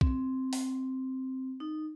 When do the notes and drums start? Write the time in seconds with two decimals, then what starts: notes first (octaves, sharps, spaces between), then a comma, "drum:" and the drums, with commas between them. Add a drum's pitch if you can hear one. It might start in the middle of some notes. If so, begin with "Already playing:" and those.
0.01 C4, drum: kick B1
0.53 drum: open hi-hat
1.60 D#4